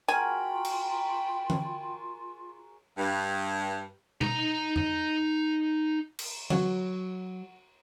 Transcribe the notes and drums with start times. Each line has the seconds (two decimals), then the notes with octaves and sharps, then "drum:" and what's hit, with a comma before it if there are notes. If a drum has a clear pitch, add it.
0.08 F4 F#4 G#4 A#4 G5 G#5 B5
0.65 drum: cymbal
1.50 drum: tom E3
2.98 G2
4.21 D#4 A#5, drum: tom B2
4.76 drum: tom F2
6.19 drum: cymbal
6.50 F#3 F#4, drum: tom E3